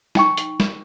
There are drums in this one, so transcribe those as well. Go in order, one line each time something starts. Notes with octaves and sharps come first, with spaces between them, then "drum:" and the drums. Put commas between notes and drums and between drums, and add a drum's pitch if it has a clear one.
D#4 G5 C#6, drum: snare
drum: hi-hat
drum: snare